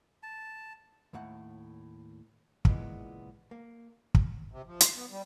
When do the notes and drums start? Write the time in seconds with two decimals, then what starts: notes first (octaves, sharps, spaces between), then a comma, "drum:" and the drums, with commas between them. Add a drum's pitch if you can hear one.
0.23 A5
1.13 D#2 A2 A3 F#5
2.65 C#2 A#2 E3 G3 G#3 B3, drum: kick
3.51 A#3
4.15 drum: kick
4.52 C3
4.67 F3
4.81 C6, drum: hi-hat
4.96 B3
5.11 G3